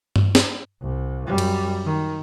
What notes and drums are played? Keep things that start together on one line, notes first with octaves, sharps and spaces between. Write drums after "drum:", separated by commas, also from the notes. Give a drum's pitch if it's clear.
drum: tom G2
drum: snare
C2
F#2 G3
drum: cymbal
D#3